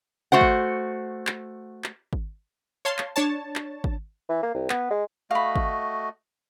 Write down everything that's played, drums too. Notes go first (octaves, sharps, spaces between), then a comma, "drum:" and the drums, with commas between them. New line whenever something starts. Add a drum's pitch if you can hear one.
A3 F#4 C5 F#5
drum: kick G#1
drum: clap
drum: clap
drum: kick G#1
C#5 F5 A5 C6
drum: clap
D4 C#5 A5
drum: clap
drum: kick G#1
E3
A#3
C2
B3, drum: clap
G#3
A3 F#4 D#5 F5 B5
drum: kick G#1